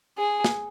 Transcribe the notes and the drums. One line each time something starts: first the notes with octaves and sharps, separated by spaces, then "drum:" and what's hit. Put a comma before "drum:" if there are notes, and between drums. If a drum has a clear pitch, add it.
G#4
drum: snare